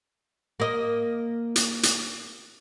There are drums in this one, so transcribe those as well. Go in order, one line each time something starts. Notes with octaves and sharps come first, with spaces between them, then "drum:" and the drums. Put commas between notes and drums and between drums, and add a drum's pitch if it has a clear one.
A#3 D#5
drum: hi-hat
drum: hi-hat